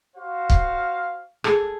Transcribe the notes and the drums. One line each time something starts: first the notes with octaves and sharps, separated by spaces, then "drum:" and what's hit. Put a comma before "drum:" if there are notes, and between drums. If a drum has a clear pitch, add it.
F#4 C5 F5
drum: kick
G#4 A4, drum: rim click